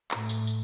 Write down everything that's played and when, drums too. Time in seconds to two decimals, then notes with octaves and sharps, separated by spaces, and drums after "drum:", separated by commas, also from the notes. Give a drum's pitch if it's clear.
0.11 A2, drum: clap
0.29 drum: tambourine
0.47 drum: tambourine